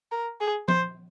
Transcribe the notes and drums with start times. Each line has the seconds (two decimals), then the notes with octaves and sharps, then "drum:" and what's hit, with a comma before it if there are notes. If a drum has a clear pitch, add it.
0.12 A#4
0.41 G#4
0.68 C5, drum: tom F3